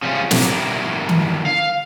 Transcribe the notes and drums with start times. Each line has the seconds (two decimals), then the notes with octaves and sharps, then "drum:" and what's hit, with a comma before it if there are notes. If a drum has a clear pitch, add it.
0.03 C#3 F3 G3 A3 C#4 F4
0.31 D3 G3 D4 E4 A#4, drum: snare
1.09 drum: tom D#3
1.46 F5